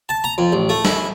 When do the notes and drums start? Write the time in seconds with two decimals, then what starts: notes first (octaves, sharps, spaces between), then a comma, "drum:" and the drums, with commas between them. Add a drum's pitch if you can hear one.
0.09 A5
0.24 A#5
0.38 F2
0.53 A1
0.69 A3
0.85 E4, drum: snare